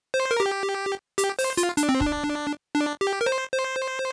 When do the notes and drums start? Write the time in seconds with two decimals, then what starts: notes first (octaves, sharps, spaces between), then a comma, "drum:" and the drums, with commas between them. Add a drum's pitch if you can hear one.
0.14 C5
0.31 A#4
0.40 G4
1.18 G4, drum: hi-hat
1.39 C5, drum: open hi-hat
1.57 F4, drum: hi-hat
1.77 D4, drum: hi-hat
1.89 C4
2.01 D4, drum: kick
2.75 D4
3.01 G4
3.21 A#4
3.26 C5
3.53 C5